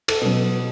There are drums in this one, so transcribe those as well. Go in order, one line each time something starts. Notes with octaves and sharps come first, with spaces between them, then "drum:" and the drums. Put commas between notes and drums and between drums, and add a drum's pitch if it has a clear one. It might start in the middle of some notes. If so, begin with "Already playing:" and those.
A4, drum: cymbal
B2 F#3